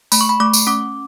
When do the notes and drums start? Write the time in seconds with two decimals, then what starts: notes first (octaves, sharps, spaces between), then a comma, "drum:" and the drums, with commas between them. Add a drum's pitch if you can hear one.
0.12 A3 B5, drum: tambourine
0.21 C#6
0.29 B5
0.40 A3 D6
0.53 drum: tambourine
0.67 C#4 D6